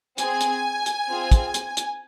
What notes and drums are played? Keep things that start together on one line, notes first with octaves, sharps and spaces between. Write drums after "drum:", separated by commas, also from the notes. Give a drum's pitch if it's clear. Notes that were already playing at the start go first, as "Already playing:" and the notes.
C4 G#4 G#5, drum: hi-hat
drum: hi-hat
drum: hi-hat
C4 F4 G#4
drum: kick, hi-hat
drum: hi-hat
drum: hi-hat